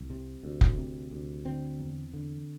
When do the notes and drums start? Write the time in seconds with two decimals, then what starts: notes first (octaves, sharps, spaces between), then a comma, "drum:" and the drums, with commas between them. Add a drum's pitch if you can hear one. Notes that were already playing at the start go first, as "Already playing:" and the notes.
Already playing: C2
0.10 C3
0.43 D2
0.61 drum: kick F1
0.78 C3
1.11 D2
1.45 D3 C4
1.79 E2
2.14 D3